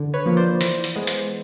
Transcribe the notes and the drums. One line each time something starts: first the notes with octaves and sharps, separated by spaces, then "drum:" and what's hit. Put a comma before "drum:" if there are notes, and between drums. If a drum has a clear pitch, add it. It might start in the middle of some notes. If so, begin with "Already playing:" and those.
Already playing: D3
B4 C#5
F3 A#3
C5 D5
E3, drum: hi-hat
drum: hi-hat
G#3 B3
drum: hi-hat